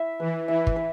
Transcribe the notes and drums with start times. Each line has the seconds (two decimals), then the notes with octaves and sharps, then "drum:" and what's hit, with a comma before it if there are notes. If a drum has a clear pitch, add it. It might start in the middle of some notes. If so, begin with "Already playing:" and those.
Already playing: E4 E5
0.20 E3 B4
0.48 E3 E5
0.67 drum: kick
0.76 B4